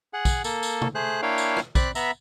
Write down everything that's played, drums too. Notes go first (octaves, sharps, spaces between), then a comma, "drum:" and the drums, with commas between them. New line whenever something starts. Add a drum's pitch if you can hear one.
G#4 F#5
drum: kick, tambourine
A#3 A4, drum: tambourine
drum: tambourine
drum: tom C3
A3 G#4 C5 F#6
A#3 D4 E4 C#5 F5 G5
drum: tambourine
drum: rim click
C4 D5 B5 F#6, drum: kick, tambourine
B3 E5 A#5 B5, drum: tambourine